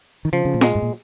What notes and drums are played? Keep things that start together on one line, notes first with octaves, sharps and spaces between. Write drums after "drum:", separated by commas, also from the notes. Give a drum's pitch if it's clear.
D#3
C#3 F3
C#3
A#2
G#3, drum: snare
G#2
A#2